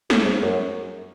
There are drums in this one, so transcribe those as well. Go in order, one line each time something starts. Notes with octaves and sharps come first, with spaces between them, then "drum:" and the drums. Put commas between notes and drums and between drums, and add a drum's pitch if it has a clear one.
A2, drum: snare
G#2
F#2